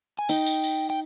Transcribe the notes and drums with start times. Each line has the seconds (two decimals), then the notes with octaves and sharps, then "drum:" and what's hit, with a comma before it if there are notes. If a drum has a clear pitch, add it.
0.19 G#5
0.29 D#4 G5, drum: tambourine
0.46 drum: tambourine
0.64 drum: tambourine
0.90 G5